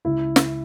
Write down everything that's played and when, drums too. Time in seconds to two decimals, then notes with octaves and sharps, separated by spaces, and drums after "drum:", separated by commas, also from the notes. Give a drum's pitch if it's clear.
0.05 C#2 E4
0.36 drum: snare